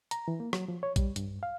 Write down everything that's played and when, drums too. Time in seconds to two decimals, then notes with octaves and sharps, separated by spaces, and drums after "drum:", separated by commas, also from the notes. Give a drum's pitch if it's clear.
0.11 A#5, drum: hi-hat
0.28 E3
0.40 A#3
0.53 F#3, drum: rim click
0.68 F3
0.83 C#5
0.96 G3, drum: kick, hi-hat
1.16 G2, drum: hi-hat
1.43 F5